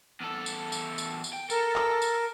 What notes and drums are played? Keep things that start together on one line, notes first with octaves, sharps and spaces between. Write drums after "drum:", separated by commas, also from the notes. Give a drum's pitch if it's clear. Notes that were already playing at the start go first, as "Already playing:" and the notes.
E2 A4
drum: tambourine
drum: tambourine
drum: tambourine
drum: tambourine
G5
A4 A#4, drum: tambourine
drum: clap
drum: tambourine